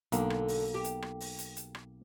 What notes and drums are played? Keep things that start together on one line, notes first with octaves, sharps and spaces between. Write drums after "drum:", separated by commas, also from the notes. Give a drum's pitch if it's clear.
B1 D3 A#3, drum: hi-hat
drum: rim click
drum: open hi-hat
G4
drum: hi-hat
drum: rim click
drum: open hi-hat
drum: hi-hat
drum: hi-hat
drum: rim click